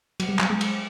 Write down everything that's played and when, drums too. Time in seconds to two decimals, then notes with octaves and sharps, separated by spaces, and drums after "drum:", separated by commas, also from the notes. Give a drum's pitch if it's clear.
0.20 F#3, drum: cymbal
0.29 G3
0.39 F#3, drum: clap
0.50 G#3
0.61 drum: cymbal